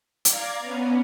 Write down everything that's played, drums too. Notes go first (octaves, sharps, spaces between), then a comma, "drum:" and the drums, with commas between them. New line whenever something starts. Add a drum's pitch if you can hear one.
D5 F5 A#5 D6 G#6, drum: hi-hat
B3 C#4